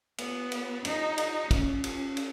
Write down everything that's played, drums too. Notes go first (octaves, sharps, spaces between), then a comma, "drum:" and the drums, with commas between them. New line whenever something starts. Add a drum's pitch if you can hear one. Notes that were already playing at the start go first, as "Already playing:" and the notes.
B3, drum: cymbal
drum: cymbal
D#4, drum: cymbal
drum: cymbal
C#4, drum: kick, cymbal
C#4, drum: cymbal
drum: cymbal